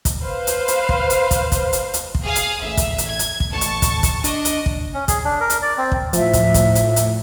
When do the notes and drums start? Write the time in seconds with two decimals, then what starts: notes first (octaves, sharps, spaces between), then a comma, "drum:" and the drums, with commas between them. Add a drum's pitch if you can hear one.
0.05 drum: kick, hi-hat
0.23 B4 C5 F5
0.47 drum: hi-hat
0.68 drum: hi-hat
0.89 drum: kick
1.10 drum: hi-hat
1.31 drum: kick, hi-hat
1.52 drum: kick, hi-hat
1.73 drum: hi-hat
1.94 drum: hi-hat
2.15 drum: kick
2.26 G#4 F5 D#6
2.35 drum: hi-hat
2.62 A1 E5
2.77 drum: kick, hi-hat
2.98 drum: hi-hat
3.08 G#6
3.19 drum: hi-hat
3.40 drum: kick
3.52 A1 A5 C#6
3.61 drum: hi-hat
3.82 drum: kick, hi-hat
4.03 drum: kick, hi-hat
4.24 D4 D#5, drum: hi-hat
4.45 drum: hi-hat
4.66 drum: kick
4.94 C#4
5.08 G#4, drum: kick, hi-hat
5.25 D4
5.41 A#4
5.50 drum: hi-hat
5.62 D5
5.78 C4
5.92 drum: kick
6.13 A2 F3 E5, drum: hi-hat
6.33 drum: kick, hi-hat
6.54 drum: kick, hi-hat
6.75 drum: hi-hat
6.96 drum: hi-hat